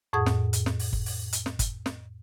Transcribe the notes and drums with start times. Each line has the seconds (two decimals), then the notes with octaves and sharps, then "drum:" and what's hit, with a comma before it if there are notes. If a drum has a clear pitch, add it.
0.13 F2 A2 G#4 F#5 D#6 G#6
0.26 drum: snare
0.53 drum: hi-hat
0.66 drum: snare
0.79 drum: open hi-hat
0.93 drum: kick G1
1.06 drum: open hi-hat
1.33 drum: hi-hat
1.46 drum: snare
1.59 drum: kick G1, hi-hat
1.86 drum: snare